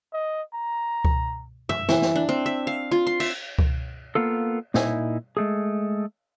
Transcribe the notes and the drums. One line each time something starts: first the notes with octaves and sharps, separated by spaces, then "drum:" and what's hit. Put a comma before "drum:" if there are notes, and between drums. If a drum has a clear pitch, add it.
D#5
A#5
drum: kick C#2
E5, drum: tom
E3, drum: snare
drum: snare
D4
C4
E5
F5
F4
C6
E5, drum: cymbal
drum: kick C#2
A#3 B3 F4 A4
A#2 D#4 E4 G#5, drum: snare
G#3 A3 G#4